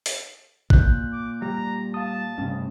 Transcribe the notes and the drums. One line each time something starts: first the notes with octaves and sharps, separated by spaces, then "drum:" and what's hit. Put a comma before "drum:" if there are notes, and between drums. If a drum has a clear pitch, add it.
drum: open hi-hat
A#2 F#6 G6, drum: kick
D6
G3 A#5
F5 A5 D#6
G2 C3 A3 C#4